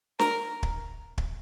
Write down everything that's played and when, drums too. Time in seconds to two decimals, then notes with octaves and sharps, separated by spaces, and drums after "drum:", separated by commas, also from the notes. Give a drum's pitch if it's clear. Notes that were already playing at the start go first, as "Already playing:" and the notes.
0.19 A#4, drum: snare
0.63 drum: kick
1.18 drum: kick